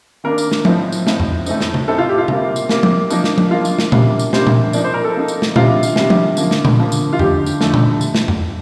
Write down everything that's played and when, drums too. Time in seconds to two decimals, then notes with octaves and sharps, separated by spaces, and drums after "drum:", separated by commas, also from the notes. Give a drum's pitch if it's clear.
0.24 D#3 A#3 D4 A#4
0.38 drum: tambourine
0.52 drum: snare
0.65 A2 F3 C4 D#4, drum: tom F3
0.92 drum: tambourine
1.07 A2 F3 C4 D#4, drum: snare
1.20 drum: tom E2
1.46 A2 A3 C4 D#4, drum: tambourine
1.61 drum: snare
1.74 drum: tom C3
1.88 A2 A3 C4 D#4 A4
1.98 F4
2.09 G4
2.18 F4
2.28 C3 G3 A#3, drum: tom C3
2.56 drum: tambourine
2.69 C3 G3 A#3, drum: snare
2.83 drum: tom F3
3.10 F3 A#3 D4 D#4, drum: tambourine
3.24 drum: snare
3.38 drum: tom F3
3.51 F3 A#3 D4 F4
3.65 drum: tambourine
3.79 drum: snare
3.92 C3 G3 A#3 D4, drum: tom A#2
4.19 drum: tambourine
4.33 C3 G3 A#3 D4 C5, drum: snare
4.47 drum: tom A#2
4.73 F3 A#3 D#4 D5, drum: tambourine
4.84 C5
4.94 A#4
5.04 A4
5.15 F3 A#3 D#4
5.28 drum: tambourine
5.42 drum: snare
5.56 C3 D#3 G3 D4 F4, drum: tom A#2
5.83 drum: tambourine
5.96 C3 D#3 G3 D4, drum: snare
6.10 drum: tom F3
6.37 D3 F3 A#3, drum: tambourine
6.51 drum: snare
6.65 drum: tom A#2
6.79 D3 F3 A#3
6.92 drum: tambourine
7.13 F4
7.19 D3 F3 A3 D#4 G4, drum: tom E2
7.46 drum: tambourine
7.61 D3 F3 A3 D#4, drum: snare
7.74 drum: tom A#2
8.01 drum: tambourine
8.15 drum: snare
8.28 drum: tom E2